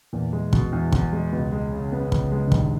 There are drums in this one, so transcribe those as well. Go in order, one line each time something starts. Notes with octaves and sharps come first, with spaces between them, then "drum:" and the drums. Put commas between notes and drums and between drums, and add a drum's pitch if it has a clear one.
E2 A#2
G#3
B2, drum: kick
E2
E2, drum: kick
G#3
C#2 B2
G#3
C#3
B3
C#2, drum: kick
G#3
C#3
A#1 D#2 D#3, drum: kick